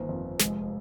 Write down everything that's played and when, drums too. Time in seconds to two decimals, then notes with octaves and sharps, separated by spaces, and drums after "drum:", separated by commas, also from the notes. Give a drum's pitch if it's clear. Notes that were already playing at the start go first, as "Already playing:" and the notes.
Already playing: G1 D#3 A#3 C4
0.09 F2
0.40 F1 G#3, drum: snare